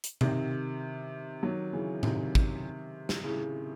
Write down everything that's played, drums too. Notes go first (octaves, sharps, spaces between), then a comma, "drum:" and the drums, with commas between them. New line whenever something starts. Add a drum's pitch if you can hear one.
drum: hi-hat
C3 D#3, drum: tom B2
D#3 F#3
C#3 E3
C3 D#3, drum: tom A2
drum: kick
drum: snare
A2 C#3